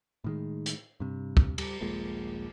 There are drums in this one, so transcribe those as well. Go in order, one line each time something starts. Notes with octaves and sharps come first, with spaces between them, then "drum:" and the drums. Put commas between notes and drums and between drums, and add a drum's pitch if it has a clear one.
A2 D#3 G#3
drum: hi-hat
G2 C3
drum: kick
G3, drum: cymbal
D#1 A#1 A#2 G#3